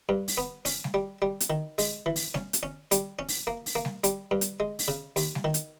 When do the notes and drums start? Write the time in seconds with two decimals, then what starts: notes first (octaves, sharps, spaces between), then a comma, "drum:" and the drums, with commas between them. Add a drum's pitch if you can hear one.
0.09 G2
0.28 drum: open hi-hat
0.38 B3
0.65 C#4, drum: open hi-hat
0.84 drum: snare G3
0.94 G3
1.22 G3
1.40 drum: hi-hat
1.50 D#3
1.78 G#3, drum: open hi-hat
2.06 E3
2.16 drum: open hi-hat
2.34 C#4, drum: snare G3
2.53 drum: hi-hat
2.63 C#4
2.91 G3, drum: hi-hat
3.19 C#4
3.28 drum: open hi-hat
3.47 A#3
3.66 drum: open hi-hat
3.75 A#3
3.85 drum: snare G3
4.04 G3, drum: hi-hat
4.31 G2
4.41 drum: hi-hat
4.60 G#3
4.79 drum: open hi-hat
4.88 C#3
5.16 D#2, drum: open hi-hat
5.35 drum: snare G3
5.44 D#3
5.54 drum: hi-hat